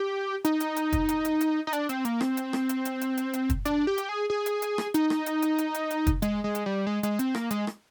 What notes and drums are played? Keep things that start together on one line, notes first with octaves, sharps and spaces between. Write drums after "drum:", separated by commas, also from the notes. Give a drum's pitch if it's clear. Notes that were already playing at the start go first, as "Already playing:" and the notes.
Already playing: G4
D#4, drum: hi-hat
drum: hi-hat
drum: hi-hat
drum: kick, hi-hat
drum: hi-hat
drum: hi-hat
drum: hi-hat
D#4
D4, drum: hi-hat
C4, drum: hi-hat
A#3, drum: hi-hat
C4, drum: rim click
drum: hi-hat
drum: rim click
drum: hi-hat
drum: hi-hat
drum: hi-hat
drum: hi-hat
drum: hi-hat
drum: kick, hi-hat
D4, drum: hi-hat
G4
drum: hi-hat
G#4
G#4
drum: hi-hat
drum: hi-hat
drum: rim click
D#4, drum: hi-hat
drum: rim click
drum: hi-hat
drum: hi-hat
drum: hi-hat
drum: hi-hat
drum: hi-hat
drum: kick, hi-hat
G#3, drum: hi-hat
G#3
drum: hi-hat
G3
G#3
G#3, drum: hi-hat
C4, drum: hi-hat
A#3, drum: rim click
G#3, drum: hi-hat
drum: rim click